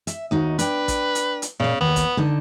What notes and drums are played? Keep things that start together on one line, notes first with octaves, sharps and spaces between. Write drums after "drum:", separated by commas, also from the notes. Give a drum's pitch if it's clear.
E5, drum: hi-hat
D#2 D#4 F#4
D4 B4 G5, drum: hi-hat
drum: kick A1, hi-hat
drum: hi-hat
drum: hi-hat
A#2 C#3 F5
D#2 B3
drum: kick A1, hi-hat
D3 D#4 A5